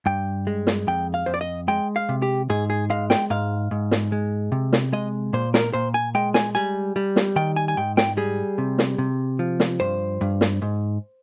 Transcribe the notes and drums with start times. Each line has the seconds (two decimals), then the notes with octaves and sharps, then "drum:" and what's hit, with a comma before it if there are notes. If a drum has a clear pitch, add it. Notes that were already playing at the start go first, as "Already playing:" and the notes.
0.06 G2 G5
0.47 G#3
0.67 drum: snare
0.87 F2 G5
1.14 F5
1.26 F2 C5
1.34 D5
1.41 D#5
1.68 G#3 G5
1.96 F5
2.09 C3
2.22 G4
2.50 G#2 G#4
2.70 G#4
2.90 G#3 F5
3.10 G5, drum: snare
3.30 G#2 F5
3.71 G#2
3.91 drum: snare
4.12 G#3
4.52 C3
4.73 drum: snare
4.93 G#3 D#5
5.33 A#2 C5
5.54 A#4, drum: snare
5.74 A#2 C5
5.94 G#5
6.15 G#3 G5
6.34 G#5, drum: snare
6.55 G3 G#5
6.96 G3
7.16 drum: snare
7.36 D#3 G5
7.56 G#5
7.68 G#5
7.77 G#2 G5
7.97 G5, drum: snare
8.17 G3 G#4
8.58 C3
8.79 drum: snare
8.98 C3
9.39 F3
9.60 drum: snare
9.80 G2 C5
10.21 G2
10.41 drum: snare
10.62 G#2